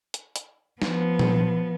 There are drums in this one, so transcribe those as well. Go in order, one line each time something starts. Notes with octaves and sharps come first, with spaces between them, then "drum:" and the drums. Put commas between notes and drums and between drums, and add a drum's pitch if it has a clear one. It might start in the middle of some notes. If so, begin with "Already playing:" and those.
drum: hi-hat
drum: hi-hat
F3 B3, drum: snare
drum: tom